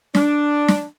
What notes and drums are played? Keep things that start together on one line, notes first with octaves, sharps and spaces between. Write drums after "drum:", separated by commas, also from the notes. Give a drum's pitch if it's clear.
D4, drum: snare
drum: snare